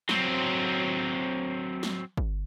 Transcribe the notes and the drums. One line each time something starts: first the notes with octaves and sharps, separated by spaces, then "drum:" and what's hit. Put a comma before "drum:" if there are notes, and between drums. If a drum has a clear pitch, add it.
F#3 C4, drum: snare
drum: snare
drum: kick